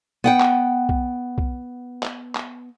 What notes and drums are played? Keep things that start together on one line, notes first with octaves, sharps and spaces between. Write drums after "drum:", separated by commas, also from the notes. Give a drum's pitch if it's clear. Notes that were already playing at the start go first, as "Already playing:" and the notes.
B3 F#5 G5
drum: clap
drum: kick
drum: kick
drum: clap
drum: clap